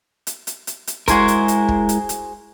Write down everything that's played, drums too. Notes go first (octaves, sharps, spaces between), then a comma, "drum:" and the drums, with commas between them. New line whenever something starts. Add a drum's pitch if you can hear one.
drum: hi-hat
drum: hi-hat
drum: hi-hat
drum: hi-hat
G#3 E4 F#4 G#4 A#4 C5, drum: kick, hi-hat
drum: hi-hat
drum: hi-hat
drum: kick
drum: hi-hat
drum: hi-hat